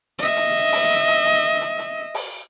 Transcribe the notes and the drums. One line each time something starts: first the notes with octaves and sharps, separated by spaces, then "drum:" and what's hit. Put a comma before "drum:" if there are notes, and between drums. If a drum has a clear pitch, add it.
D#5 E5, drum: hi-hat
drum: hi-hat
drum: open hi-hat
drum: hi-hat
drum: hi-hat
drum: hi-hat
drum: hi-hat
drum: open hi-hat